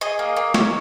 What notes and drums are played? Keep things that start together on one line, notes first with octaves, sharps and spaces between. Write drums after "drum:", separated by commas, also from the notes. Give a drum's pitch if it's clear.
G#4 D#5
A#3
A#3
C#4, drum: snare